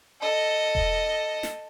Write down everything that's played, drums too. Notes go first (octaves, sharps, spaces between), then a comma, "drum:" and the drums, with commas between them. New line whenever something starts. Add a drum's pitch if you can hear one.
A4 D#5
drum: kick E1
drum: snare